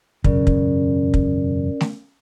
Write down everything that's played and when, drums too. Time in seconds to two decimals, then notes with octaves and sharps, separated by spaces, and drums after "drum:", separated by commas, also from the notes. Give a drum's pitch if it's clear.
0.24 E1 F#2 C#3 C#4 A#4 D5, drum: kick
0.47 drum: kick
1.14 drum: kick
1.81 drum: snare A3